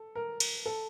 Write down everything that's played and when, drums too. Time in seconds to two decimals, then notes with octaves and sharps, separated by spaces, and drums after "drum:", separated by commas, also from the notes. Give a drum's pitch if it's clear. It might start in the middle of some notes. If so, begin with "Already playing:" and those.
Already playing: A4
0.15 A#4
0.40 drum: cymbal
0.66 A4